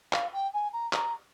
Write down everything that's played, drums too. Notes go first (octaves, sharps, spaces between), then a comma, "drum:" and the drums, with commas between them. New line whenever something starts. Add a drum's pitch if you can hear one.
F5, drum: clap
G5
G#5
A#5
A#5, drum: clap